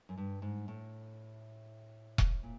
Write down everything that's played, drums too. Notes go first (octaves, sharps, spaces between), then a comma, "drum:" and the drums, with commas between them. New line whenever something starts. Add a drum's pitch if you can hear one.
F#2
G2
G#2
A2
drum: kick E1
A#2